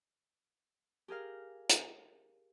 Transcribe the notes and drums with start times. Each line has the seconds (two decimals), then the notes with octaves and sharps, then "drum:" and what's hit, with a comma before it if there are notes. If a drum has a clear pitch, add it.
1.08 G4 G#4 A#4 F5
1.70 drum: hi-hat